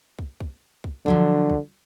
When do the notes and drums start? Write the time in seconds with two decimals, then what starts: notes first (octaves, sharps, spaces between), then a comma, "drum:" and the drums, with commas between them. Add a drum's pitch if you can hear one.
0.19 drum: kick
0.40 drum: kick
0.84 drum: kick
1.06 D3 F3 F#3 D4, drum: kick
1.50 drum: kick